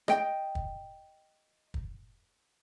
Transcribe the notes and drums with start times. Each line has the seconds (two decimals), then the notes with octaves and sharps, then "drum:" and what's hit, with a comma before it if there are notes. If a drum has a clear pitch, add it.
0.08 D#5 G5, drum: rim click
0.55 drum: kick
1.74 drum: kick